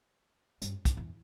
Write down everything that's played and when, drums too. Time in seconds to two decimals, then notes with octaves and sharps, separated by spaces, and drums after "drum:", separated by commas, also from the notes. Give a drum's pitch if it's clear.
0.62 G2, drum: hi-hat
0.85 drum: kick, hi-hat
0.97 E2